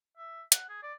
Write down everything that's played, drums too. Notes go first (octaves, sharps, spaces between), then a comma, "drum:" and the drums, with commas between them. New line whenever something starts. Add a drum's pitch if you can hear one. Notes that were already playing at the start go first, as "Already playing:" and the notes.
E5
F#5, drum: hi-hat
G#4
D5